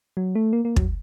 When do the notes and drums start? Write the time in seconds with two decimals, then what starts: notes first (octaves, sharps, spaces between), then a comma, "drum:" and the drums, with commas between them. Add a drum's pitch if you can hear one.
0.17 F#3
0.35 A3
0.53 A#3
0.65 A#3
0.76 F#3, drum: kick